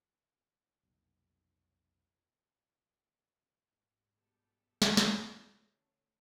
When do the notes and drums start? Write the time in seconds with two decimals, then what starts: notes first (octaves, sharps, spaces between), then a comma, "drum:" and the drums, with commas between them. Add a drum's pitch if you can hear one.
0.83 F1 B1 A#3
3.67 G#2 G3
4.15 B2 G#3 B3 G4 A4
4.82 drum: snare
4.97 drum: snare
5.38 A2 D3 E3 A3 C#4 E4 F#4
5.82 A5